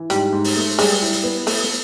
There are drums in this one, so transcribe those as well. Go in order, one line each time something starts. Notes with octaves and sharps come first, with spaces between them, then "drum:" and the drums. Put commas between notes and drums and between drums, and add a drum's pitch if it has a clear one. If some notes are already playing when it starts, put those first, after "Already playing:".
Already playing: E3
G#2 G3, drum: hi-hat
G#2
drum: open hi-hat
A3
G3 G#3, drum: open hi-hat
E4
drum: hi-hat
B3
A3 A4, drum: open hi-hat
drum: snare